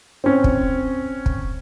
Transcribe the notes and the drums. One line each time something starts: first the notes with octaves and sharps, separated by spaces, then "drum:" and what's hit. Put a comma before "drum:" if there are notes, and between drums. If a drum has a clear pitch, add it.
C4 C#4
drum: kick
drum: kick